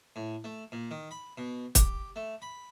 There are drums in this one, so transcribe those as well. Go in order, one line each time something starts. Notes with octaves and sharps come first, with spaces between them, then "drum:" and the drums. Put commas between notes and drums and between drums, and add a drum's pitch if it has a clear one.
A2
A3
A#2
D#3
B5
B2
G4, drum: kick, hi-hat
A3
B5